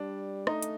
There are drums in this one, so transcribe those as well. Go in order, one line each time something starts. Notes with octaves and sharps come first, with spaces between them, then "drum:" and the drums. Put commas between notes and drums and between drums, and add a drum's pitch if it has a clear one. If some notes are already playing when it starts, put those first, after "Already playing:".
Already playing: G3 D4
A3 D#4, drum: rim click
drum: hi-hat